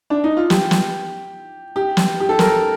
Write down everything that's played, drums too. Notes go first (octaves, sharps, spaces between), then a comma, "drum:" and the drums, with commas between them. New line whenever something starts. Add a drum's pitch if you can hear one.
D4
D#4
F4
G4, drum: snare
drum: snare
G4
drum: snare
G4
A4
A#4, drum: snare